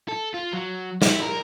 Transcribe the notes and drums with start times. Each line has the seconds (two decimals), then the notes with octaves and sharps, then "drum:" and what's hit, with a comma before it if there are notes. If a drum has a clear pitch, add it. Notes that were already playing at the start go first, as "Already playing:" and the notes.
0.09 A4
0.34 F4
0.53 F#3
1.02 E4, drum: snare
1.23 A#4